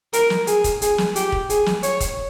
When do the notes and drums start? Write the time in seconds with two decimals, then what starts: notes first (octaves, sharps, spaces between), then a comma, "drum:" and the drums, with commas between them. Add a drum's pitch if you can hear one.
0.13 A#4, drum: hi-hat
0.30 drum: snare
0.47 G#4, drum: hi-hat
0.64 drum: kick, hi-hat
0.82 G#4, drum: hi-hat
0.98 drum: snare
1.16 G4, drum: hi-hat
1.32 drum: kick
1.50 G#4, drum: hi-hat
1.66 drum: snare
1.83 C#5, drum: hi-hat
2.00 drum: kick, hi-hat